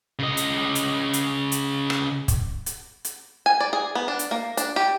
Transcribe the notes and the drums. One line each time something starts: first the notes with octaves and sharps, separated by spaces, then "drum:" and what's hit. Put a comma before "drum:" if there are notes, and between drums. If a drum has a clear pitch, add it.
C#3 D#5
drum: hi-hat
drum: hi-hat
drum: hi-hat
drum: hi-hat
drum: rim click
drum: kick, hi-hat
drum: hi-hat
drum: hi-hat
G#5
D5
G#4
B3
D4
drum: hi-hat
A#3
D4, drum: hi-hat
G4